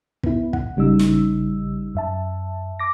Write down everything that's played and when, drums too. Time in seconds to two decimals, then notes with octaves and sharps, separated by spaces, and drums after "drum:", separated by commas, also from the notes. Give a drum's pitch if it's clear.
0.23 B3 E4, drum: kick
0.53 F#5, drum: kick
0.76 A1 C#3 G3 D#4 E6
0.99 drum: snare
1.95 F#2 E5 A5
2.79 D6 A#6